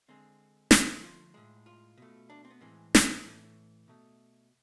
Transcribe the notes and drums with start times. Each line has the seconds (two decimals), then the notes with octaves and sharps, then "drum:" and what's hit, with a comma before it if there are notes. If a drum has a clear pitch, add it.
0.08 D3 G#3 C4
0.71 D3 F3 A3, drum: snare
1.04 F4
1.34 A2 G#3
1.66 F4
1.97 B2 A3
2.30 D4
2.45 C4
2.51 B3
2.61 A2 E3 G#3 C4
2.95 drum: snare
3.25 A2 E3 A3
3.88 B2 A3